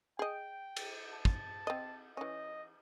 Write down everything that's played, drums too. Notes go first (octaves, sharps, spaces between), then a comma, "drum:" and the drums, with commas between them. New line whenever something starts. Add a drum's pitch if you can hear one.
G#4 D#5 G5
drum: cymbal
A5
drum: kick
C4 D#5
E3 C#4 D#5